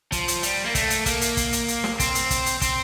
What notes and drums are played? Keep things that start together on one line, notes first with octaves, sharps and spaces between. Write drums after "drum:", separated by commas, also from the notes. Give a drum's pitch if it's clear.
F3, drum: kick, hi-hat
drum: hi-hat
G3, drum: hi-hat
A#3
A3, drum: kick, hi-hat
drum: hi-hat
A#3, drum: kick, hi-hat
drum: hi-hat
drum: kick, hi-hat
drum: hi-hat
drum: hi-hat
drum: snare
C4, drum: kick, hi-hat
drum: hi-hat
drum: kick, hi-hat
drum: hi-hat
C4, drum: kick, hi-hat